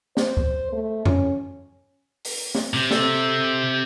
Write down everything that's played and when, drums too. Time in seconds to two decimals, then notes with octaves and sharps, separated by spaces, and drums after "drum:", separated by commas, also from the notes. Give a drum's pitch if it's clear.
0.17 C5, drum: snare
0.37 drum: kick C#2
0.73 A3
1.06 C#4, drum: tom F2
2.25 drum: open hi-hat
2.55 drum: snare
2.74 C3
2.91 A4, drum: snare